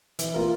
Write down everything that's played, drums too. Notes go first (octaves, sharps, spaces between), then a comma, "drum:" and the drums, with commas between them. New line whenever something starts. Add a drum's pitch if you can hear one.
E3, drum: hi-hat
A#3 F4 A#4